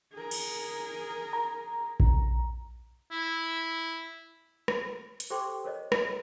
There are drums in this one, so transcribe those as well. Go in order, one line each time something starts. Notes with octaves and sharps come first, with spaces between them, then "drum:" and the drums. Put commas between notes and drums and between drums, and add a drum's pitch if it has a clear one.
G#4 A#4
drum: cymbal
A#5
drum: kick A#1
E4
drum: rim click
drum: hi-hat
G4 A4 C5 G5 C6 D6
A#4 C5 C#5 D#5
drum: rim click